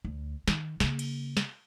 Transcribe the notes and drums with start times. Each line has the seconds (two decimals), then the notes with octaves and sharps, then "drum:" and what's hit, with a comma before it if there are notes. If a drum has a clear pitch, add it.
0.05 D2
0.48 D#3, drum: snare
0.80 C#3 A#3, drum: snare
0.99 drum: cymbal
1.37 drum: snare